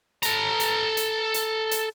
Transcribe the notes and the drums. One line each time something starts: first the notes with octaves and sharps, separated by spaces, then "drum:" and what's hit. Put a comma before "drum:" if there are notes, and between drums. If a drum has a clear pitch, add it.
A4 A#5, drum: hi-hat
drum: hi-hat
drum: hi-hat
drum: hi-hat
drum: hi-hat